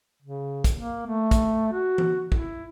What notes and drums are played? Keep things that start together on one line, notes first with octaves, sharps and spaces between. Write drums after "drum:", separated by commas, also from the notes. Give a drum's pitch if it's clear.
C#3
drum: kick, hi-hat
A#3
A3
drum: kick, hi-hat
F#4
drum: tom E3
E4, drum: kick